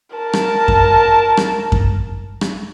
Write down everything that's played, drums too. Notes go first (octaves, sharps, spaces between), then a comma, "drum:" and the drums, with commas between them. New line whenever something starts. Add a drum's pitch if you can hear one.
A#4 A5
drum: rim click
drum: kick F#2
drum: rim click
drum: kick F#2
drum: rim click